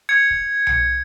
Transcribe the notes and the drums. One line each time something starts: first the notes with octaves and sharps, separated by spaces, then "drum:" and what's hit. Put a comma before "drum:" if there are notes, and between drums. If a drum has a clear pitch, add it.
G#6 C#7
drum: kick
C#7, drum: tom B1